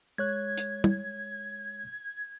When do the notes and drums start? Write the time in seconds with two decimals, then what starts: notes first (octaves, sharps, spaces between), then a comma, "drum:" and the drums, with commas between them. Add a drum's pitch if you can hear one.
0.18 G#3 C#5 F#6 G#6
0.57 drum: hi-hat
0.84 drum: tom